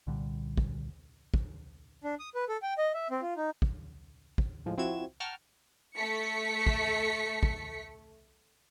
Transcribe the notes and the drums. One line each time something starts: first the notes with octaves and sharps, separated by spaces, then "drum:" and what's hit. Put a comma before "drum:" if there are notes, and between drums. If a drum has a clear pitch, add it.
C2 A#2 D3 G3
drum: kick
drum: kick
D4
D#6
B4
A4
G5
D#5
E5
C4
F4
D#4
drum: kick
drum: kick
A2 F3 G#3
F3 C4 E4 F#4 G#6 E7
F#5 G5 A5 A#5 C#6 F6
A3 B6 C#7
drum: kick
drum: kick